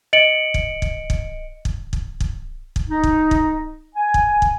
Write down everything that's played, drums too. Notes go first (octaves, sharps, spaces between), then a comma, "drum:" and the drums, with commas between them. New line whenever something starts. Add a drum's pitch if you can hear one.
D#5 C#7 D7 F#7
drum: kick
drum: kick
drum: kick
drum: kick
drum: kick
drum: kick
drum: kick
D#4
drum: kick
drum: kick
G#5
drum: kick
drum: kick